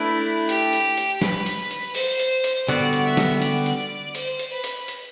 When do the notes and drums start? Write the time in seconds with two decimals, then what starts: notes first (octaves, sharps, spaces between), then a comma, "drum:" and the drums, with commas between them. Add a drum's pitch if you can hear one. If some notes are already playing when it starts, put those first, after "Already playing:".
Already playing: A3 D4 E4 B4
0.49 G4, drum: hi-hat
0.73 drum: hi-hat
0.98 drum: hi-hat
1.22 B4, drum: snare
1.46 drum: hi-hat
1.71 drum: hi-hat
1.95 C5, drum: open hi-hat
2.20 drum: hi-hat
2.44 drum: hi-hat
2.69 D3 G3 B3 F#4 D5, drum: hi-hat
2.93 drum: hi-hat
3.05 E5
3.17 drum: snare
3.42 D5, drum: hi-hat
3.66 drum: hi-hat
4.15 C5, drum: hi-hat
4.39 drum: hi-hat
4.51 B4
4.64 drum: hi-hat
4.88 drum: hi-hat